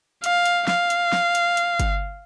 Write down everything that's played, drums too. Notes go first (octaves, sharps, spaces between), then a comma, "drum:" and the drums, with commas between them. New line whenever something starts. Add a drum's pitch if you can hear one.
F5, drum: hi-hat
drum: hi-hat
F5, drum: snare
drum: hi-hat
drum: snare
drum: hi-hat
drum: hi-hat
drum: kick G1, hi-hat